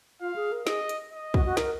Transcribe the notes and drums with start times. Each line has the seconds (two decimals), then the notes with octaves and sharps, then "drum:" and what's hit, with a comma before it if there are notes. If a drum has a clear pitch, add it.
0.21 F4 F5
0.36 G#4
0.52 A#4
0.67 G#4 D#5, drum: snare
0.89 drum: hi-hat
1.12 D#5
1.34 F#4, drum: kick
1.45 F#4
1.57 A#4, drum: snare